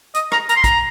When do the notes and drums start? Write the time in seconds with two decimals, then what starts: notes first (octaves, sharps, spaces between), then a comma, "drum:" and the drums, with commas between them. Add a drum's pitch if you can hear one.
0.14 D#5, drum: hi-hat
0.32 A#5, drum: rim click
0.49 A#5, drum: hi-hat
0.56 C6
0.64 A#5, drum: kick, hi-hat